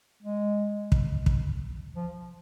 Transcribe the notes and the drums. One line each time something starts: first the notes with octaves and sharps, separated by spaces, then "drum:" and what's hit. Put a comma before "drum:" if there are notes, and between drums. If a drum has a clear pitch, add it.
G#3
drum: kick
drum: kick
F3